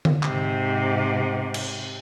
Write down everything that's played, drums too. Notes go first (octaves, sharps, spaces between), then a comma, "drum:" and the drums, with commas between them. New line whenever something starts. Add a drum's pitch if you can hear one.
drum: tom D3
G#2 C3, drum: clap
drum: cymbal